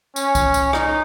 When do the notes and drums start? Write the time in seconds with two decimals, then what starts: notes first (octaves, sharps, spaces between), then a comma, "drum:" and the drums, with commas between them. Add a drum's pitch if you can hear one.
0.16 C#4, drum: tambourine
0.35 drum: kick C2, tambourine
0.54 drum: tambourine
0.73 D#4, drum: rim click